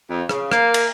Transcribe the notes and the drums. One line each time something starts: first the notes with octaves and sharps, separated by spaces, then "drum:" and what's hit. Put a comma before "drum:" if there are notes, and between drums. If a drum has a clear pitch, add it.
F2
C#3, drum: rim click
A#3, drum: rim click
drum: cymbal